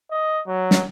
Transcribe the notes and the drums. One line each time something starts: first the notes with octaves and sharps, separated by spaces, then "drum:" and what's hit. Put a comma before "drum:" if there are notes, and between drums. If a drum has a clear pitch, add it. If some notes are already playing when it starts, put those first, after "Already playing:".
D#5
F#3
drum: snare